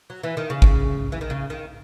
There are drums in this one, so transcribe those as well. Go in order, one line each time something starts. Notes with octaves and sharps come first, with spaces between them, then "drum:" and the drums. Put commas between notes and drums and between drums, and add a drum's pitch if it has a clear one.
F#3
E3
D#3
C#3
drum: kick
E3
D#3
C#3
D#3